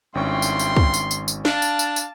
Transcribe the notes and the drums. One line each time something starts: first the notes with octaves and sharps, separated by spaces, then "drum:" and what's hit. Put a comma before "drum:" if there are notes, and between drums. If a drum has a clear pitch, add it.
G#1 G2 C#4 E4 G5 C6 C#6
drum: tambourine
drum: tambourine
drum: kick
drum: tambourine
drum: tambourine
drum: tambourine
D4 F5 A5 D7, drum: snare
drum: tambourine
drum: tambourine
drum: tambourine